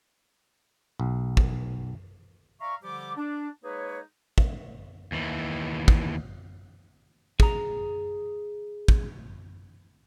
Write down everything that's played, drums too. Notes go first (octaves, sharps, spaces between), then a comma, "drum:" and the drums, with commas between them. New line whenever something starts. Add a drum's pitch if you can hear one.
B1
drum: kick
D5 E5 F5 A#5 C#6
D3 F3 G3 G4 D6
D4
G#3 A#3 D#4 G#4 B4 C#5
drum: kick
D#2 E3
drum: kick
G#4 A#5, drum: kick
drum: kick